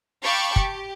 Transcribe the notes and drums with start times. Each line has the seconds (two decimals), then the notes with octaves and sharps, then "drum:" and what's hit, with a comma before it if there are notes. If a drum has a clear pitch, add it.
0.23 F5 G5 A5 B5 C#6 D6
0.56 G4, drum: kick